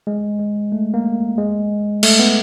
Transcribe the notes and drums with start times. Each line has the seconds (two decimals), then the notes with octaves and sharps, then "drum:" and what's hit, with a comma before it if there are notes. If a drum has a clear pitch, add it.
0.07 G#3
0.39 G#3
0.72 A3
0.94 A#3
1.38 G#3
2.03 A3, drum: cymbal
2.19 B3